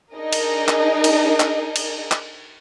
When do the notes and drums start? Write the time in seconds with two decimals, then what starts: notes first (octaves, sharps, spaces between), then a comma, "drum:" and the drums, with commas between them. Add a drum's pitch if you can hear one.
0.15 D4 D#4 G#4 A#4 D#5
0.33 drum: cymbal
0.68 drum: clap
1.04 drum: cymbal
1.40 drum: clap
1.76 drum: cymbal
2.11 drum: clap